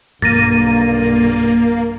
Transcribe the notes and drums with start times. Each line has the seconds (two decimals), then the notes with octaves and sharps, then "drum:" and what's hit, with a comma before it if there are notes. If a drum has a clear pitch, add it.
0.22 B1 G2 A#3 A6 A#6 D#7, drum: tom G2